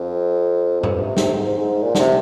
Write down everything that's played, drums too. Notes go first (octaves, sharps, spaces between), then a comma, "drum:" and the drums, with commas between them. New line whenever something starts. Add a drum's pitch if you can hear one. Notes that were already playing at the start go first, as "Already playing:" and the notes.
Already playing: F2
F2
G2, drum: tom G#2
C3
C3, drum: snare
G#2
G#2
A#2
D3, drum: snare
C3